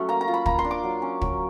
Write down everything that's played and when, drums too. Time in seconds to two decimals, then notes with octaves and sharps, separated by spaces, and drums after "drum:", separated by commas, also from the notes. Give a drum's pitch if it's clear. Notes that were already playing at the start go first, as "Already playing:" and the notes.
Already playing: F#3 A3 C#4
0.09 A#3 A#5
0.21 A#5
0.28 F4
0.34 B5
0.46 A#3 A#5, drum: kick
0.59 C6
0.65 D4
0.71 D6
0.84 F#3
1.02 C#4
1.21 F#3, drum: kick